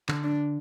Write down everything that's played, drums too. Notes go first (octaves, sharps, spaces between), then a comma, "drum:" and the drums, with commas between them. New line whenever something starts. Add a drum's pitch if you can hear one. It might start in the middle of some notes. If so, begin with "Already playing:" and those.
D3, drum: clap
D4